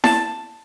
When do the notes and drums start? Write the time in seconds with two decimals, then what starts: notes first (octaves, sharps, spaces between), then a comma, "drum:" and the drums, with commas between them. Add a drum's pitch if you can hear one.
0.04 A5, drum: snare E4